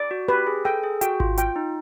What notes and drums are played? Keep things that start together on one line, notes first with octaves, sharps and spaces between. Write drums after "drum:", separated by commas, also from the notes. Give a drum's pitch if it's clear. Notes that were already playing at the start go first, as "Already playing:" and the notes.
Already playing: D5
F#4
G4 B4
G#4
A4 G5
G#4
F#4 G5, drum: hi-hat
F4, drum: kick G#1
F4 G5, drum: hi-hat
D#4